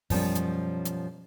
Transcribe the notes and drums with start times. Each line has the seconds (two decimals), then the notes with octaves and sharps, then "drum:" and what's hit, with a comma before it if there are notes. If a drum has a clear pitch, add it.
0.10 F#2 B2 F3 G3 C#4, drum: kick, open hi-hat
0.35 drum: hi-hat
0.85 drum: hi-hat